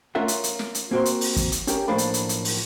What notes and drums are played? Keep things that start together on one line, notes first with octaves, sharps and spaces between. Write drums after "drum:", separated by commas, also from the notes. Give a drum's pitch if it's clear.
A3 C#4 F4 A#4 E5 F#5
drum: hi-hat
drum: hi-hat
drum: snare
drum: hi-hat
A#3 C4 F#4 G4 A#4 C5
drum: hi-hat
drum: open hi-hat
drum: kick, hi-hat
drum: hi-hat
C#4 G4 A#4, drum: hi-hat
B1 A2 F3 A#3 D4 B5
drum: hi-hat
drum: hi-hat
drum: hi-hat
drum: open hi-hat